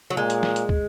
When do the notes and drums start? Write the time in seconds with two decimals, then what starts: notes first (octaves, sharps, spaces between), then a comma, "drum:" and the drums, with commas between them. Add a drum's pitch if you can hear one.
0.10 F#3
0.17 A#2 G#3
0.30 drum: hi-hat
0.43 drum: snare
0.56 drum: hi-hat
0.69 drum: kick